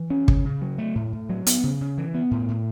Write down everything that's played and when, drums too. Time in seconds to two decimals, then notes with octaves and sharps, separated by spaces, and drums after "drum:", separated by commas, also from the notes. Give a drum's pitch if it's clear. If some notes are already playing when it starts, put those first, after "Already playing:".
Already playing: E3
0.10 C#4
0.28 C#3, drum: kick
0.45 C#3
0.61 F#3
0.78 A3
0.95 A2
1.13 A2
1.29 F#3
1.47 B3, drum: hi-hat
1.64 C#3
1.81 C#3
1.98 E3
2.14 B3
2.31 A2
2.48 A2